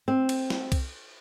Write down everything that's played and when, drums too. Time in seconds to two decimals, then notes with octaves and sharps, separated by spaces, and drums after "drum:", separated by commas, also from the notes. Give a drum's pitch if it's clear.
0.08 C4
0.29 drum: cymbal
0.50 drum: snare
0.72 drum: kick C2, cymbal